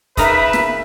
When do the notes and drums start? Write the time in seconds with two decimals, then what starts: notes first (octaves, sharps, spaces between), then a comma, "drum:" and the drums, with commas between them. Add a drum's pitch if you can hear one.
0.17 C#3 D#4 A#4 B4 E5, drum: kick, hi-hat
0.53 drum: snare